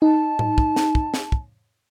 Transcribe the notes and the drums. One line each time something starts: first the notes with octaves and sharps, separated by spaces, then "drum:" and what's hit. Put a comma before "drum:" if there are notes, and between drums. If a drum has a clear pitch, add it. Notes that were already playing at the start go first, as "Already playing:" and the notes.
D#4 A5
drum: tom A2
drum: kick
drum: snare
drum: kick
drum: snare
drum: kick